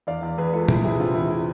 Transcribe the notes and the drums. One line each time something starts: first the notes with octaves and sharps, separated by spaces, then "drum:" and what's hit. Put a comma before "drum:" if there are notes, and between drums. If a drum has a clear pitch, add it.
E2 D5 F5
E2
E2 G#4 B4
G#3 F4 A4
G#3 E4 G#4, drum: tom A#2
C3 E4 G#4
C3 F4
E2 E4
E4